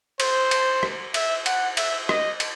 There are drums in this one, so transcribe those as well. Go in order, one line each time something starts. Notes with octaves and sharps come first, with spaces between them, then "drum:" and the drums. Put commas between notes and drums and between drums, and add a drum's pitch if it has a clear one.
C5, drum: cymbal
drum: cymbal
drum: rim click
E5, drum: cymbal
F#5, drum: cymbal
E5, drum: cymbal
D#5, drum: rim click
drum: cymbal